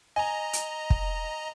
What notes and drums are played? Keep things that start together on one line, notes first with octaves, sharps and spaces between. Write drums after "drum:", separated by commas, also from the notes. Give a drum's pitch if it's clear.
D#5 G#5 A#5
drum: hi-hat
drum: kick